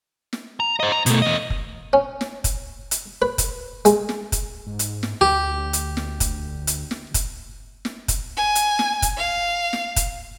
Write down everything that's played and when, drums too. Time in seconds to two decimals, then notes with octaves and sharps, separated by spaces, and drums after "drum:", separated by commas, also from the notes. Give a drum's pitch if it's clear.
0.33 drum: snare
0.60 A#5
0.80 C5 D#5
0.92 A#5
1.06 B2 A3, drum: hi-hat
1.22 E2 D#5
1.50 drum: kick
1.93 C#4
2.21 drum: snare
2.44 drum: kick, hi-hat
2.91 drum: hi-hat
3.22 B4
3.38 drum: kick, hi-hat
3.85 G#3, drum: hi-hat
4.09 drum: snare
4.32 drum: kick, hi-hat
4.67 G#2
4.79 drum: hi-hat
5.03 drum: snare
5.21 D2 G4
5.73 drum: hi-hat
5.97 drum: snare
6.20 drum: kick, hi-hat
6.67 drum: hi-hat
6.91 drum: snare
7.14 drum: kick, hi-hat
7.85 drum: snare
8.08 drum: kick, hi-hat
8.37 G#5
8.55 drum: hi-hat
8.79 drum: snare
9.02 drum: kick, hi-hat
9.18 F5
9.73 drum: snare
9.96 drum: kick, hi-hat